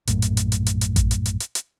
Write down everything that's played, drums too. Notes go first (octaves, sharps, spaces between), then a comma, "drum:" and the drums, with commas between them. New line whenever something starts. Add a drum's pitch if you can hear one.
A#1 F#2 A2, drum: hi-hat
drum: hi-hat
drum: hi-hat
drum: hi-hat
drum: hi-hat
drum: hi-hat
drum: kick A1, hi-hat
drum: hi-hat
drum: hi-hat
drum: hi-hat
drum: hi-hat